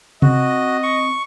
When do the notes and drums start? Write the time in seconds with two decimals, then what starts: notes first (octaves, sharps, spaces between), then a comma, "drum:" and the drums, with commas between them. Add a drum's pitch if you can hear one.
0.22 C4 F#4 D#5, drum: tom C3
0.83 C#6